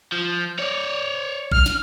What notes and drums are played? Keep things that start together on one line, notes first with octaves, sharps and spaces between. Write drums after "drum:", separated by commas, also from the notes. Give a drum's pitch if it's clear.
F3
C#5 D5
F6, drum: kick A#1
drum: snare